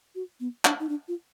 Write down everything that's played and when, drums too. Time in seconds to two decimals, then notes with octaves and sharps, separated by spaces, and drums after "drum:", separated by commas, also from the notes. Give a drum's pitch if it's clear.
0.15 F#4
0.40 B3
0.65 D4, drum: clap
0.80 D#4
0.89 D4
1.08 F4